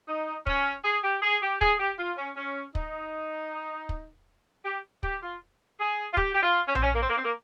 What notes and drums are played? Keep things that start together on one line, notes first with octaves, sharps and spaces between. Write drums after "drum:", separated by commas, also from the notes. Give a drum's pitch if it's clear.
D#4
C#4, drum: kick
G#4
G4
G#4
G4
G#4, drum: kick
G4
F4
C#4
C#4
D#4, drum: kick
drum: kick
G4
G4, drum: kick
F4
G#4
F4
G4, drum: kick
G4
F4
C#4
C4, drum: tom A#1
C#4
A#3
C4
A#3
C4
A#3